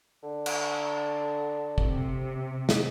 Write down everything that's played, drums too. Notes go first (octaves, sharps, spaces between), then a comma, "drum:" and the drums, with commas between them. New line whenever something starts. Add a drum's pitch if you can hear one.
D3
drum: cymbal
C3, drum: kick
drum: snare